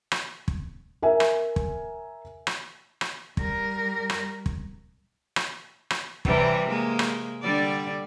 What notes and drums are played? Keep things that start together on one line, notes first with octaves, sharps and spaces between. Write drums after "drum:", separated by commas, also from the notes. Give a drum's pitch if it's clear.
drum: rim click
drum: kick
A#4 E5 G#5
drum: rim click
drum: kick
drum: rim click
drum: rim click
G3 A#4, drum: kick
drum: rim click
drum: kick
drum: rim click
drum: rim click
C3 E3 G3, drum: kick
G#3 A#3
drum: rim click
D3 G3 D5